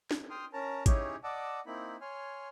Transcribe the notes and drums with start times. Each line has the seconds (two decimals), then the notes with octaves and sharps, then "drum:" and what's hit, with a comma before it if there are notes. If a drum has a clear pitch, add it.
0.11 drum: snare
0.30 G5 C6 D#6 F6
0.53 C#4 A#4 A5 A#5
0.86 C#4 D#4 E4 G4 G#4 C#5, drum: kick, hi-hat
1.24 D5 D#5 F#5 A5 D6 E6
1.66 A#3 C4 D#4 E4 B5
2.01 C#5 G#5 C6 F6